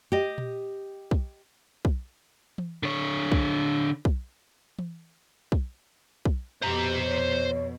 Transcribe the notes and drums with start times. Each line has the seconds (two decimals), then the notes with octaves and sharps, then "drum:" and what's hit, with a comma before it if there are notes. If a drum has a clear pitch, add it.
0.12 G4 D#5
0.38 drum: tom A#2
1.11 drum: kick
1.85 drum: kick
2.58 drum: tom E3
2.83 D3 C#5
3.32 drum: kick
4.05 drum: kick
4.79 drum: tom E3
5.52 drum: kick
6.25 drum: kick
6.62 F2 B2 G4 C5 A#5
7.06 C#5